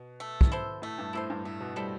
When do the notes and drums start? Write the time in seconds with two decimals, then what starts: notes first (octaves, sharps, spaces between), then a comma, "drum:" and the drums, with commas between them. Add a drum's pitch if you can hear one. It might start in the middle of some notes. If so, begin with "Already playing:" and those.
Already playing: B2
0.20 A3
0.41 drum: kick
0.52 E4 A4 C5
0.82 A2 A3
0.98 G2
1.13 A2 E4 A4 C5
1.30 G2
1.45 A2 A3
1.61 B2
1.76 G3 E4 A4 C5